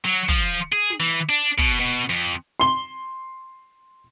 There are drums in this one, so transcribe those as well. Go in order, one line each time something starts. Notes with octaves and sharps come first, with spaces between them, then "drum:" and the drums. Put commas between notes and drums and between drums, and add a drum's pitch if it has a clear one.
F#3
F3, drum: kick
G#4
drum: snare
E3
D4
drum: hi-hat
B2, drum: kick
B2
F2
C6 G7